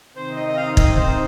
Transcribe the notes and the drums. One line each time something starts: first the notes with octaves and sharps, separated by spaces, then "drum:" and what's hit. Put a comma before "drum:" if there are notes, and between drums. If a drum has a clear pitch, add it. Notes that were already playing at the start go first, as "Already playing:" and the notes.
C3 D#3 C4 D#4 C5
D#5
D#5
F5
D#5, drum: kick
C5